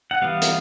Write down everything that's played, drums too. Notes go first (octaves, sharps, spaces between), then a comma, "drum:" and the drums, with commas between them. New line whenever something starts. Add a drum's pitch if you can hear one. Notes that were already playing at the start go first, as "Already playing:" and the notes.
F#5
E3 G3 B3 F5
drum: hi-hat